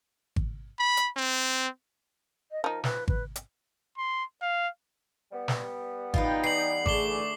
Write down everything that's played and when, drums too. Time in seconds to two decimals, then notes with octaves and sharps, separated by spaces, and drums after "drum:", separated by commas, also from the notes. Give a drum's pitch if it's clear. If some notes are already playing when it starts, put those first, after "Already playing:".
0.36 drum: kick G#1
0.79 B5
0.97 drum: hi-hat
1.17 C4
2.51 D#5
2.64 F3 D#4 A#4
2.84 B4, drum: snare
3.08 B4, drum: kick G#1
3.36 drum: hi-hat
3.98 C6
4.42 F5
5.32 G3 B3
5.48 drum: snare
6.14 D#4 F4 A4 B4 G5, drum: kick G#1
6.44 E3 D4 C7 F#7
6.86 D3 A3 G#4 D6 C7 G7, drum: kick G#1